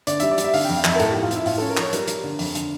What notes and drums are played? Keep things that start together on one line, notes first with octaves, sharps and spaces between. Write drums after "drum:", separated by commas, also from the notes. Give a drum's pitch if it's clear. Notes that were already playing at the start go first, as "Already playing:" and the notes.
D3 D5, drum: hi-hat
G3 E5, drum: hi-hat
D5
G3, drum: hi-hat
E5
D3 F5, drum: open hi-hat
F2 G5
F5
F2 E5, drum: clap
A#4
A2 A4, drum: hi-hat
A2 G4
F4
F3 E4, drum: hi-hat
A2 F4, drum: open hi-hat
C#4 A4
A#4
F3 C#5, drum: clap
G3 A#4, drum: hi-hat
G3, drum: hi-hat
D3
F2, drum: open hi-hat
D3, drum: hi-hat